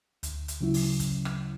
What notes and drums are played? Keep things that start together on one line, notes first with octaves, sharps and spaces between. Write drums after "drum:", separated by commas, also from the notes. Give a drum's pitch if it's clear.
D2, drum: hi-hat
drum: hi-hat
C#3 F#3 C#4 E4
drum: open hi-hat
drum: kick, hi-hat
drum: rim click